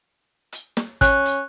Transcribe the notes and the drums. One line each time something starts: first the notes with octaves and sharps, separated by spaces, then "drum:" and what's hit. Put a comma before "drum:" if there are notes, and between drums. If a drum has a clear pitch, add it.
drum: hi-hat
drum: snare
C#4 F#6, drum: kick, hi-hat
drum: hi-hat